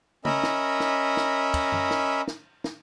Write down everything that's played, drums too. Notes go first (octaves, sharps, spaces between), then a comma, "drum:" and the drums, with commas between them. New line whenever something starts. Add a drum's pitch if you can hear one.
C#4 A#4 D#5 E5 B5, drum: tom C#3
drum: snare
drum: snare
drum: snare
drum: kick, cymbal
drum: tom F#2
drum: snare
drum: snare
drum: snare